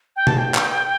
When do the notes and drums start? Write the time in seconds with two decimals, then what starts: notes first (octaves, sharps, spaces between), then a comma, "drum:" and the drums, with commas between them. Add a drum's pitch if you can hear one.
0.16 G5
0.27 A5, drum: tom B2
0.38 G5
0.55 drum: clap